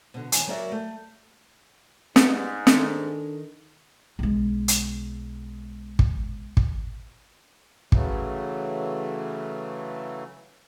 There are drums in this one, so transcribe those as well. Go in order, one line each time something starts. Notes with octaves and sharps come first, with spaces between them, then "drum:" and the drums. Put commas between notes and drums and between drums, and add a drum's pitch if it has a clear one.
B2 D3
D#2 D#3 G#5, drum: hi-hat
F#3 A#3 F#4 A#4 D5 E5
A3
G#2 G3 B3, drum: snare
D#3 D4 A4, drum: snare
B1 G#3
drum: hi-hat
drum: kick
drum: kick
C#3 E3 F#3 A3, drum: kick